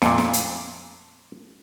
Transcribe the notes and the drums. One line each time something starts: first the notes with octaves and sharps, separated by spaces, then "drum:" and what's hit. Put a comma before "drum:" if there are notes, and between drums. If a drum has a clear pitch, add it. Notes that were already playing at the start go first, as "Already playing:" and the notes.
F2 A#2, drum: snare
drum: snare
drum: hi-hat